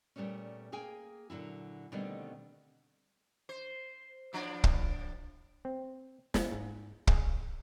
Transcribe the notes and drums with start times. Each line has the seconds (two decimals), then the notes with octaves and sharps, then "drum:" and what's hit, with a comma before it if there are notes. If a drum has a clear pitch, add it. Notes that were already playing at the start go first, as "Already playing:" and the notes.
0.16 A#2 G3 A3 B3 C#4
0.72 A#3 G#4 G5 G#5
1.30 A#2 D3 F#3 E4
1.92 B2 D3 D#3 G3 A3 C4
3.49 C5
4.33 A2 F3 D4
4.64 drum: kick
5.65 C4
6.34 G#3, drum: snare
6.52 G#2
7.07 G#4, drum: kick